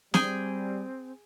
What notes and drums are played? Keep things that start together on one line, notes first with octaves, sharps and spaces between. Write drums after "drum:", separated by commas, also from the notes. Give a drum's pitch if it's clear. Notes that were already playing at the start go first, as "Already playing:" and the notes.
G3 C4 G#4 G5 G#5, drum: snare